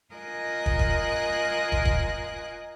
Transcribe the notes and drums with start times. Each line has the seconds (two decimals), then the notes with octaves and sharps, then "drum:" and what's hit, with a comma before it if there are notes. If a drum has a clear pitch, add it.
0.13 F4 A#4 D#5 G#5 D#6 F#6
0.66 drum: kick
0.79 drum: kick
1.72 drum: kick
1.85 drum: kick